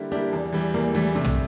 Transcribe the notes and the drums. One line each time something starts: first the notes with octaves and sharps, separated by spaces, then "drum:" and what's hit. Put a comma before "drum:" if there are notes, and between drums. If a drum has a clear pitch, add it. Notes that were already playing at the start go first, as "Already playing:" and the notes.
Already playing: D3 G3 A#3 E4 G4
G3 A#3 D4 E4 G4
E2
E3 G3
E2 A#3
E3 G3 A3
C3 A3
drum: tom